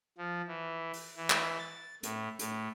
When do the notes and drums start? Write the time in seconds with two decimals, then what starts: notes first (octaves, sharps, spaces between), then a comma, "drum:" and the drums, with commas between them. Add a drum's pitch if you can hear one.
0.18 F3
0.48 E3
0.93 drum: open hi-hat
1.17 E3
1.30 drum: clap
1.59 A6
2.03 A2, drum: hi-hat
2.39 A2, drum: hi-hat